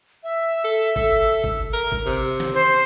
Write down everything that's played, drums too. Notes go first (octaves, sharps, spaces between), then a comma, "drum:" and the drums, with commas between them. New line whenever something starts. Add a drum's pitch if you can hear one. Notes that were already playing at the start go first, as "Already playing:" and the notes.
E5
A4
A4, drum: kick G1
drum: kick G1
A#4
drum: kick G1
C3
drum: snare E3
C5